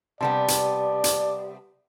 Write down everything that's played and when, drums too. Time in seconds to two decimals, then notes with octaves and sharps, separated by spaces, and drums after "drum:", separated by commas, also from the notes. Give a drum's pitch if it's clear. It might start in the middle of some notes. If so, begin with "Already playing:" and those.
0.21 C3 G3 B3 D5 A5
0.48 drum: hi-hat
1.04 drum: hi-hat